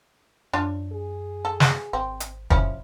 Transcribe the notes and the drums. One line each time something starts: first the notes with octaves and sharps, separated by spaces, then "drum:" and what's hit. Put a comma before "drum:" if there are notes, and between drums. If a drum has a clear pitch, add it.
F#2 D4 F4 C#5
G#4
A4
drum: snare
G#1 C4
drum: hi-hat
F1 F3 C#4 E4, drum: kick